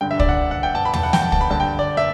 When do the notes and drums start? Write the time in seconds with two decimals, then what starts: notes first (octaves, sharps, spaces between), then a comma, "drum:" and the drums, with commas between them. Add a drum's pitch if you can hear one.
0.01 G2 D3 G5
0.11 E5
0.19 D5, drum: kick
0.29 F#5
0.51 F#5
0.63 G5
0.75 A5
0.85 B5
0.94 A5, drum: tom
1.03 F#5
1.13 G5, drum: snare
1.22 A5
1.32 A5, drum: kick
1.41 B5
1.50 G2 D3 A5
1.60 G5
1.79 D5
1.97 E5